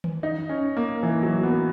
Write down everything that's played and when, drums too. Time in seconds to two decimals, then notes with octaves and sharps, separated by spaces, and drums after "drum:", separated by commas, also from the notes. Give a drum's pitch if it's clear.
0.04 drum: tom D#3
0.23 D#4
0.49 C#4
0.77 A#3
1.03 E3
1.23 F#3
1.43 B3